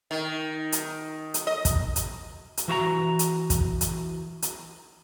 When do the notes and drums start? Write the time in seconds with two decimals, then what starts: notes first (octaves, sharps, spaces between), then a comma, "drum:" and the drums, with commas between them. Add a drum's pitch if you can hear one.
0.11 D#3
0.72 drum: hi-hat
1.34 drum: hi-hat
1.47 D#5
1.65 drum: kick, hi-hat
1.96 drum: hi-hat
2.57 drum: hi-hat
2.68 E3 F#4 E5 A#5
3.19 drum: hi-hat
3.50 drum: kick, hi-hat
3.81 drum: hi-hat
4.42 drum: hi-hat